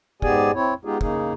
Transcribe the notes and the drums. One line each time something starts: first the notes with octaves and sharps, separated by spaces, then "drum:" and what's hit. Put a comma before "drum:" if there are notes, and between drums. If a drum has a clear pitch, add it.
G#2 B3 G4 G#4 D5 G#5, drum: kick
C4 E4 C#5
G#3 B3 D#4 F4 G4 G#4
C#3 A#3 D#4 G#4, drum: kick